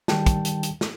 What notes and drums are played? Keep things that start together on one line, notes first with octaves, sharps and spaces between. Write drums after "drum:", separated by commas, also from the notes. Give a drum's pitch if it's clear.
D#3 G3 G5 A5, drum: snare
drum: kick, hi-hat
drum: hi-hat
drum: hi-hat
drum: snare